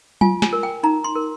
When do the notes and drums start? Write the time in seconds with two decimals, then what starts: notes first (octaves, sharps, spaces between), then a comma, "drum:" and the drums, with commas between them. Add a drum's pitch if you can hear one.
0.21 F4 G#5, drum: tom F#3
0.42 G#5, drum: snare
0.53 A#4
0.63 G5
0.83 D#4 A#5
1.04 C6
1.15 A#4